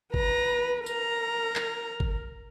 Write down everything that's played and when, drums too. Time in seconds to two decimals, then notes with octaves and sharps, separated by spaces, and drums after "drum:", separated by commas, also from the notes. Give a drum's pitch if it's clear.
0.14 B4 A#5, drum: kick
0.86 A#4 A#5, drum: tambourine
1.56 drum: clap
2.00 drum: kick